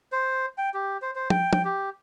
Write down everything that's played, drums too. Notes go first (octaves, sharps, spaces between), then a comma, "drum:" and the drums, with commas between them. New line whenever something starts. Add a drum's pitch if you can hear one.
C5
G5
G4
C5
C5
G5, drum: tom
G5, drum: tom
G4